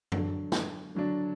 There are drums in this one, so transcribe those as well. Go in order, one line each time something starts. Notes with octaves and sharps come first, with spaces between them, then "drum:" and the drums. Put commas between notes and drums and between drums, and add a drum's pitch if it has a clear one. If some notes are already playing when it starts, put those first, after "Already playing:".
D3 F#3 D4, drum: tom
drum: snare
D3 F#3 D4